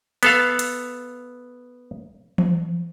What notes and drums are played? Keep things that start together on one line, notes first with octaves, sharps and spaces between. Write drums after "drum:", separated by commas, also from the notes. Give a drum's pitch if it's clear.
B3 A4 F5, drum: hi-hat
drum: hi-hat
drum: tom E3